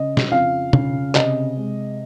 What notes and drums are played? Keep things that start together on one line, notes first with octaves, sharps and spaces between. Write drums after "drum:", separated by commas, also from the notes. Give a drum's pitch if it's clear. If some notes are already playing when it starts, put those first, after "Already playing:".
Already playing: C#3 D#5
drum: snare
F2 F5
C#3, drum: tom
C3 D#5, drum: clap
G#3